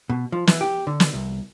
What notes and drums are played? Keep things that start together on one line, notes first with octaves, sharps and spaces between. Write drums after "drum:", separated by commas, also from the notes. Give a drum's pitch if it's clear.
B2
F3
E3, drum: snare
G4
D3
drum: snare
C2